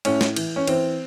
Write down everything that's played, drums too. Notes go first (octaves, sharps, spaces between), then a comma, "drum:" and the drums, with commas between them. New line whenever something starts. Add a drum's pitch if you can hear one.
A2 C#4, drum: cymbal
drum: snare
E3, drum: cymbal
C#4
E3 C4, drum: cymbal